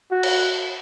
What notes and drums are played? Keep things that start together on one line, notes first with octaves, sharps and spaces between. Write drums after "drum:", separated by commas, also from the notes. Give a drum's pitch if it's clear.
F#4
drum: cymbal